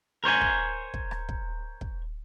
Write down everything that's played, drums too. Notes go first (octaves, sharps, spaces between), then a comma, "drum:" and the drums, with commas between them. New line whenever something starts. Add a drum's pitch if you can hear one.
A#4 C5 C#5 G#5
drum: kick
drum: kick
drum: rim click
drum: kick
drum: kick